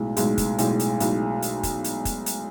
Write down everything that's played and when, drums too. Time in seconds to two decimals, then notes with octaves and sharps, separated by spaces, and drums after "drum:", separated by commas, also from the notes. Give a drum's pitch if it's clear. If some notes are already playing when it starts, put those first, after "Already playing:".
Already playing: B1 A2 G#3
0.17 B1 A2 G#3, drum: hi-hat
0.38 drum: kick, hi-hat
0.58 B1 A2 G#3, drum: hi-hat
0.79 drum: hi-hat
1.00 B1 A2 G#3, drum: hi-hat
1.42 drum: hi-hat
1.63 drum: kick, hi-hat
1.84 drum: hi-hat
2.05 drum: kick, hi-hat
2.26 drum: hi-hat